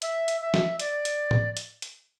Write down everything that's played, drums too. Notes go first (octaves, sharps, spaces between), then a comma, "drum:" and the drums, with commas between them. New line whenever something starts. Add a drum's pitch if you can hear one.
E5, drum: hi-hat
drum: hi-hat
E5
drum: snare
D5, drum: hi-hat
drum: hi-hat
drum: tom
drum: hi-hat
drum: hi-hat